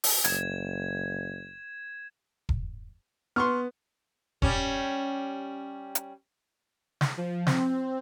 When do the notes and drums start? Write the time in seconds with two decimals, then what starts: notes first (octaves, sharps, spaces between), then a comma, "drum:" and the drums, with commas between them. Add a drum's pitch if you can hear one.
0.04 drum: open hi-hat
0.24 F#1 G#6 E7, drum: hi-hat
2.49 drum: kick E1
3.36 B3 C6 C#6 F6
4.42 G3 C#4, drum: kick E1
5.95 drum: hi-hat
7.01 drum: snare
7.17 F3
7.47 C4, drum: snare